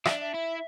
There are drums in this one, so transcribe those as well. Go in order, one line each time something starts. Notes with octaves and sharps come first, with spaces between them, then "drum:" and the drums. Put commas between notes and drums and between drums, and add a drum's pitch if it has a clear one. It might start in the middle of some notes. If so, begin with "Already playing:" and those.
D4 E5, drum: rim click
E5
E4